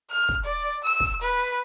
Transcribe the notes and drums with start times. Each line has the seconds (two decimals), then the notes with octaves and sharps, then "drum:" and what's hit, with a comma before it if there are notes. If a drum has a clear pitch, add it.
0.11 F6
0.29 drum: kick
0.45 D5
0.84 E6
1.00 drum: kick
1.22 B4